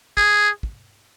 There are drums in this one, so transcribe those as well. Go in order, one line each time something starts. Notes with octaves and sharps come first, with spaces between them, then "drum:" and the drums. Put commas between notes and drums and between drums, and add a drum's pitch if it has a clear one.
G#4, drum: kick
drum: kick